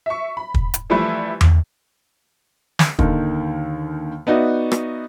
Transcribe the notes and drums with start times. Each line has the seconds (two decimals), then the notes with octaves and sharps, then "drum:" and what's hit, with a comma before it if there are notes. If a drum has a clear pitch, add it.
0.06 E5 C#6
0.37 B5
0.54 drum: kick
0.74 drum: hi-hat
0.90 E3 F3 G3 A3 E4 B4
1.41 drum: tom E2
2.79 drum: snare
2.99 D#2 D3 D#3, drum: kick
4.27 B3 D#4 F#4 D5 E5
4.72 drum: rim click